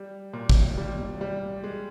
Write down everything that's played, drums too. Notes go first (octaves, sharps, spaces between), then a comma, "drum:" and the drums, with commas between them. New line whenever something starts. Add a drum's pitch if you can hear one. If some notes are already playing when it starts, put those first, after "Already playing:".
Already playing: G3
A#2
drum: kick
G3
G3
G#3